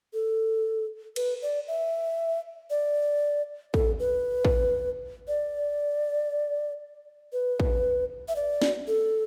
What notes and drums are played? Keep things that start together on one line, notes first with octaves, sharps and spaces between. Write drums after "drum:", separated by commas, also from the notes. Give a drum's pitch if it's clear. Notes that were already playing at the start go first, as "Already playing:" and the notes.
A4
B4, drum: cymbal
D5
E5
D5
A4, drum: kick
B4
drum: kick
D5
B4
drum: kick
E5
D5
drum: snare
A4